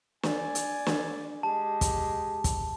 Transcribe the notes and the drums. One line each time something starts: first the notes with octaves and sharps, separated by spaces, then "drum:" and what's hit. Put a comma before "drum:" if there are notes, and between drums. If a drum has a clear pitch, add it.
D5 G#5, drum: snare
drum: hi-hat
drum: snare
G#3 G4 A5
drum: kick, hi-hat
drum: kick, hi-hat